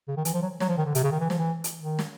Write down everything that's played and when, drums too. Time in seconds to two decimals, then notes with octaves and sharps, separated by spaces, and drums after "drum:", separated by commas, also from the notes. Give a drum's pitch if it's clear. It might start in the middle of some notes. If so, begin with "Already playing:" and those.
0.08 C#3
0.17 D#3
0.25 E3, drum: hi-hat
0.34 F3
0.42 F#3
0.60 F#3, drum: snare
0.69 F3
0.77 D#3
0.86 D3
0.95 C3, drum: hi-hat
1.03 C#3
1.12 D#3
1.20 E3
1.30 F3, drum: snare
1.38 E3
1.64 drum: hi-hat
1.81 D#3
1.99 drum: snare